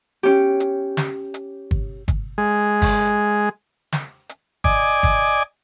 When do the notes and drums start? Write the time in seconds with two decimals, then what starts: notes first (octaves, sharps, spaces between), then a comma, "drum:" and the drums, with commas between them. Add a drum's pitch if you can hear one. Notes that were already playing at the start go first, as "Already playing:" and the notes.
0.23 C#4 G4
0.60 drum: hi-hat
0.97 drum: snare
1.34 drum: hi-hat
1.71 drum: kick
2.08 drum: kick, hi-hat
2.38 G#3
2.82 drum: kick, open hi-hat
3.92 drum: snare
4.29 drum: hi-hat
4.64 D5 D#5 G#5 D6, drum: kick
5.03 drum: kick, hi-hat